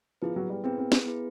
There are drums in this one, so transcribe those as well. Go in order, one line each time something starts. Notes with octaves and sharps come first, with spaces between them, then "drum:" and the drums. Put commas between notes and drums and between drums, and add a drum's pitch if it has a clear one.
F3 B3 E4 G#4 B4
F#3
G3
B3 C4 E4 G#4 B4
C4
drum: snare
B3 E4 G#4 B4